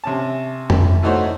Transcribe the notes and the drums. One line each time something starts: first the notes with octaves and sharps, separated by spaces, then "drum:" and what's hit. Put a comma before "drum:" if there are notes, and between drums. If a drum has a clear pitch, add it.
C3 C#4 A5
drum: tom F2
E3 A3 D#4 F#4 C5 C#5